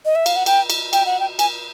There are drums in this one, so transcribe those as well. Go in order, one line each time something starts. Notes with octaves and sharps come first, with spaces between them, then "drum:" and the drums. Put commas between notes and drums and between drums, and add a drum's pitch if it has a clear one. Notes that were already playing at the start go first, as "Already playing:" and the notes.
D#5
E5
F5, drum: cymbal
F#5
G5, drum: cymbal
drum: cymbal
G5, drum: cymbal
F#5
G5
G#5, drum: cymbal